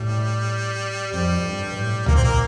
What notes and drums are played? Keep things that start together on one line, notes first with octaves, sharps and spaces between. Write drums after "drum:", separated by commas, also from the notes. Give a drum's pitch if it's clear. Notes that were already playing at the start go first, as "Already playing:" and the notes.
Already playing: A2 G3
F2 G3
G2
A2
A#2 A#3, drum: tom C#2
C4
A#3